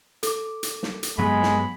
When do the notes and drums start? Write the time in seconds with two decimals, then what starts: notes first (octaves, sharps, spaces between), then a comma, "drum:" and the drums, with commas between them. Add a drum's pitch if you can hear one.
0.23 A4 D6, drum: hi-hat
0.63 drum: hi-hat
0.83 drum: snare
1.03 drum: hi-hat
1.18 G2 F#3 G#3 B3 B5
1.43 drum: snare